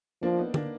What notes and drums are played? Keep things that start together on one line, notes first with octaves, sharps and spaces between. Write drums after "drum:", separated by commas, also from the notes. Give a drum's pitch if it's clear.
F3 A#3 D4
B3 D#4
A#3 D4, drum: tom D3